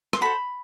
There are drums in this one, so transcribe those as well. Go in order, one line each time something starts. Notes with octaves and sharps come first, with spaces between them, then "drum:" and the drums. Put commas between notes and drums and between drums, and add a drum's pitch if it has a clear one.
C6, drum: rim click
F#4 A4 C5 B5